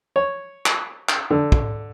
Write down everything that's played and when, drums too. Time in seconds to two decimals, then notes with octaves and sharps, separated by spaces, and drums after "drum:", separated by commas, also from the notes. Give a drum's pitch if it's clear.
0.16 C#5
0.66 drum: clap
1.09 drum: clap
1.31 D3
1.52 drum: kick